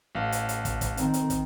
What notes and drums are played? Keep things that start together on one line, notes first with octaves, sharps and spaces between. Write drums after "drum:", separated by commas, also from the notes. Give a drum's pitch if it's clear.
A1 F5
drum: hi-hat
drum: hi-hat
drum: kick, hi-hat
drum: kick, hi-hat
D#3 C4, drum: hi-hat
drum: hi-hat
drum: kick, hi-hat